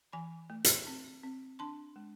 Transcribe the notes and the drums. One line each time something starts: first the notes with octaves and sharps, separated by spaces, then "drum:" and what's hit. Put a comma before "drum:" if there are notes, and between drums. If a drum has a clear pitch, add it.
E3 G#5 B5
A3
drum: hi-hat
C4
C4
D4 A5 C6
G#3